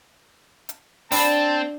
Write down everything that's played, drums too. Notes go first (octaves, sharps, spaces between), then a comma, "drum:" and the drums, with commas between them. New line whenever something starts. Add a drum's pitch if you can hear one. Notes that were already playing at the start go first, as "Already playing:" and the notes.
drum: hi-hat
C4 D4 D5 F5 A5 B5, drum: open hi-hat